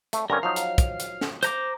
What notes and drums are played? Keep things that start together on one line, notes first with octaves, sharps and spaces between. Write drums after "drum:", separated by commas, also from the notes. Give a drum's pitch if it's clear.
A3, drum: hi-hat
G2 D3 C#4 A#4
F3 F#3 D#4 F5
drum: hi-hat
drum: kick, hi-hat
drum: hi-hat
drum: snare
C5 A#5 D6, drum: hi-hat